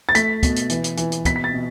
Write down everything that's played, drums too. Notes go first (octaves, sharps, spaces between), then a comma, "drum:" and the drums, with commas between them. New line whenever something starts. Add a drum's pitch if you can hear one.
A6
A3 B6, drum: hi-hat
B2, drum: kick, hi-hat
drum: hi-hat
E3, drum: hi-hat
drum: hi-hat
E3, drum: hi-hat
drum: hi-hat
B2 B6, drum: kick, hi-hat
B6
A6
B2